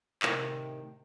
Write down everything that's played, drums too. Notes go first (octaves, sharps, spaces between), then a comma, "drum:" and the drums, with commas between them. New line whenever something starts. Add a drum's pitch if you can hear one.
A2 C3 D#3 G5, drum: clap